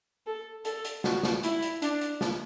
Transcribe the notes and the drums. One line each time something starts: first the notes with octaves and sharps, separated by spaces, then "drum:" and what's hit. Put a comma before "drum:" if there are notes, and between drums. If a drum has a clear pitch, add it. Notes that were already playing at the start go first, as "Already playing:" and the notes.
A4
A4, drum: hi-hat
drum: hi-hat
F#4, drum: snare
drum: snare
E4, drum: hi-hat
drum: hi-hat
D4, drum: hi-hat
drum: hi-hat
drum: snare